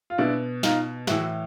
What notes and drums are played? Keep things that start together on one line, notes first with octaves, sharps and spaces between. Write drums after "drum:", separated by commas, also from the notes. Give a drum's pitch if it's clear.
F4
B2 D4 E4
D#4 F4, drum: snare
A2 E3 E4 F#4, drum: snare